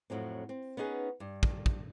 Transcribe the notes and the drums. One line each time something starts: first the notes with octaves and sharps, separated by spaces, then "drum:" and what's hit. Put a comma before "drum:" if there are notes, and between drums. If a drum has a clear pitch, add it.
F2 A2 F#3 C4
C4
B3 C#4 D#4 G#4 B4
G2
drum: kick
drum: kick